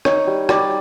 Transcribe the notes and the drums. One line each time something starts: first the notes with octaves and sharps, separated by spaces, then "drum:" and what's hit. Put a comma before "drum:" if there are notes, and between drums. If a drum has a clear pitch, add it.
D#4 C#5, drum: rim click
G3
G3 D5, drum: rim click